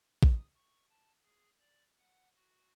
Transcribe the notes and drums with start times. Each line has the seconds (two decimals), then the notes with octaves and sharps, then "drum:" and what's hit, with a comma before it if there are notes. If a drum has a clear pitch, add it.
0.23 D#6, drum: kick
0.55 C#6
0.90 A5
1.23 G#4
1.60 D5
1.99 F#5
2.36 F#4